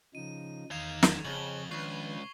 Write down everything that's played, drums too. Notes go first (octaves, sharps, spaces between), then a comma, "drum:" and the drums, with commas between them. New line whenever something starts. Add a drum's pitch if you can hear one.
C#3 F3 D#4 D#7
E2 D#3 D#4 F5 G#6 E7 F7
drum: snare
F2 C#3 G#4 C#5 F#7 G7
C#2 D#3 F3 D4 B4 C#6 C7